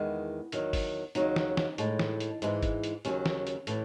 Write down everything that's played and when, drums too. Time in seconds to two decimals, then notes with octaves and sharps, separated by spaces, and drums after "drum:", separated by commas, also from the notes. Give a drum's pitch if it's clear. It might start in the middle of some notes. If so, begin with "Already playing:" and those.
Already playing: E2 D#3 G#3 B3
0.52 E2 D#3 F#3, drum: hi-hat
0.73 drum: kick, open hi-hat
1.15 D#2 C#3 F#3 D#4, drum: hi-hat
1.36 drum: snare
1.57 drum: snare
1.78 A2 G#3, drum: hi-hat
1.99 drum: snare
2.20 drum: hi-hat
2.42 G#2 E3 G#3, drum: hi-hat
2.63 drum: kick, hi-hat
2.84 drum: hi-hat
3.05 D#2 C#3 F#3 C#4, drum: hi-hat
3.26 drum: snare
3.47 drum: hi-hat
3.67 A2 E3, drum: hi-hat